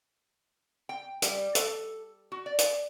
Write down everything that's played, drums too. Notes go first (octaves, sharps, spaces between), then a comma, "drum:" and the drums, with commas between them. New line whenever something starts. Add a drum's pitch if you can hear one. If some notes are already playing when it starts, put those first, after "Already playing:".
G5
G3, drum: hi-hat
A4, drum: hi-hat
F#4
D5
drum: hi-hat